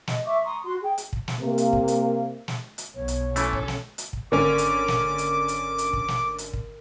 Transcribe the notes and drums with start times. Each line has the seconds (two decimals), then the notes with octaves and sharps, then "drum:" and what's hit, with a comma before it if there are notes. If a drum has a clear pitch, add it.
0.07 D#5, drum: snare
0.24 E5 C#6 D6
0.43 A#5 C6 C#6 D#6
0.64 F#4 C6
0.81 G#4 G5
0.98 drum: hi-hat
1.13 drum: kick
1.28 drum: snare
1.40 C3 A#3
1.58 drum: hi-hat
1.73 drum: kick
1.88 drum: hi-hat
2.48 drum: snare
2.78 drum: hi-hat
2.95 B1 B2 C#5
3.08 drum: hi-hat
3.36 E3 A3 C#4 A4, drum: hi-hat
3.53 drum: kick
3.68 drum: snare
3.98 drum: hi-hat
4.13 drum: kick
4.32 G#1 D3 A#3 C#4 A#4 D6
4.58 drum: hi-hat
4.88 drum: snare
5.18 drum: hi-hat
5.48 drum: hi-hat
5.78 drum: hi-hat
5.93 drum: kick
6.08 drum: snare
6.38 drum: hi-hat
6.53 drum: kick